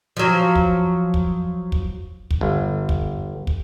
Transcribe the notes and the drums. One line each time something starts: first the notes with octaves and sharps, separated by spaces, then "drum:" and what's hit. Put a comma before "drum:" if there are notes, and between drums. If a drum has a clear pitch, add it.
F3 F#3
drum: kick
drum: kick
drum: kick
drum: kick
G1
drum: kick
drum: kick